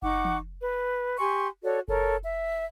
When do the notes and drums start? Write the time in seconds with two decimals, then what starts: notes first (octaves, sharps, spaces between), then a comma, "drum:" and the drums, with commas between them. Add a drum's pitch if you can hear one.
0.02 D#4 F#5 C#6 D6, drum: kick F#1
0.25 drum: tom E3
0.61 B4
1.18 G4 G#5 C6 C#6
1.64 F#4 A4 C#5 D5
1.88 A4 A#4 C#5, drum: kick F#1
2.23 E5